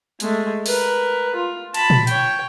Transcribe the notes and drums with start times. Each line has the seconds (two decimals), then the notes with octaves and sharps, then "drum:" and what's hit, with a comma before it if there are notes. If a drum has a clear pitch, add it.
0.20 G#3 A3, drum: hi-hat
0.66 A#4 B4, drum: open hi-hat
1.35 F4
1.74 A5 B5, drum: cymbal
1.90 drum: tom A#2
2.07 C#5 G5, drum: hi-hat